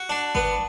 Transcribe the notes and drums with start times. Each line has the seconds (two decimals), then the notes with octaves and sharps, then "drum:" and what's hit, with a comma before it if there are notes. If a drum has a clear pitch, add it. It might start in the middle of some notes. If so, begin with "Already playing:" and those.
Already playing: F#4
0.09 D4
0.35 B3, drum: kick G1